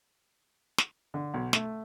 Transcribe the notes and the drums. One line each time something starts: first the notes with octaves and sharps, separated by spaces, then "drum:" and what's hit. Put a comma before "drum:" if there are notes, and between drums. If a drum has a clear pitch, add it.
drum: snare
D3
B1
A3, drum: snare